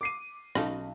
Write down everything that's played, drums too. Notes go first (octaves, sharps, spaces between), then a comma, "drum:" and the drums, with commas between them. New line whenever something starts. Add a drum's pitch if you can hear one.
D6 C7 D#7
B1 C#4 D#4 A4, drum: rim click